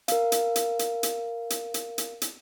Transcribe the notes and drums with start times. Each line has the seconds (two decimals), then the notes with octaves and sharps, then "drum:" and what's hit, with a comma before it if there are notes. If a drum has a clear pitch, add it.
0.08 A#4 F5, drum: hi-hat
0.32 drum: hi-hat
0.56 drum: hi-hat
0.79 drum: hi-hat
1.03 drum: hi-hat
1.50 drum: hi-hat
1.74 drum: hi-hat
1.98 drum: hi-hat
2.22 drum: hi-hat